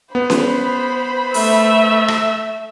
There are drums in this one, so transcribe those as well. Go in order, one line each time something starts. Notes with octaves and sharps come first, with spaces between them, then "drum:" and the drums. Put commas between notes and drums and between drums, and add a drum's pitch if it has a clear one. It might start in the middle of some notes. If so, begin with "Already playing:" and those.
B3 C5 B5
drum: snare C#4
A3 E5, drum: open hi-hat
drum: rim click